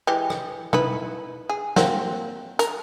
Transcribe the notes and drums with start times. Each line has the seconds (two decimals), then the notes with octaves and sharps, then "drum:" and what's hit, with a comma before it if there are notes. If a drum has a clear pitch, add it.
0.07 E3 G#3 G4
0.30 drum: rim click
0.73 D#4 E4 B4, drum: tom
1.49 G#4
1.76 A#3 C4 F#4, drum: snare
2.59 A#4, drum: hi-hat